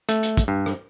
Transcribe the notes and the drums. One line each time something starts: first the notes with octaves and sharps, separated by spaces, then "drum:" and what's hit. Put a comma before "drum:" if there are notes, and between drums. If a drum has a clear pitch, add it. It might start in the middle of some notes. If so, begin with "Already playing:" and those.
A3, drum: hi-hat
drum: hi-hat
drum: kick, hi-hat
G2
drum: rim click